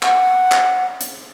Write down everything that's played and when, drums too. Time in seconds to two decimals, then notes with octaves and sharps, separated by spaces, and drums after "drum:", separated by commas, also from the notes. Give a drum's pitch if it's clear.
0.03 F#5, drum: clap
0.52 drum: clap
1.01 drum: hi-hat